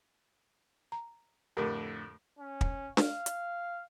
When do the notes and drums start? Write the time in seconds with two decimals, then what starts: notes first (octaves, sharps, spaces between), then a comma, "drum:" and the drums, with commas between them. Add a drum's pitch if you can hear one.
0.92 A#5
1.57 F2 A2 D3 G4 A#4
2.39 C#4
2.61 drum: kick
2.97 F5, drum: snare D4
3.26 drum: hi-hat